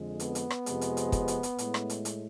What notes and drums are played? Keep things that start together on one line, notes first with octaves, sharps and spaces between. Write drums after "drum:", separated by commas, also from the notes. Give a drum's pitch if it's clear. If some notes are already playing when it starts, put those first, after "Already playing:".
Already playing: F2 D3 G#3
B3, drum: hi-hat
drum: hi-hat
drum: rim click
F2 C3 G#3, drum: hi-hat
drum: hi-hat
drum: hi-hat
drum: kick, hi-hat
drum: hi-hat
drum: hi-hat
A2 G#3, drum: hi-hat
drum: rim click
drum: hi-hat
drum: hi-hat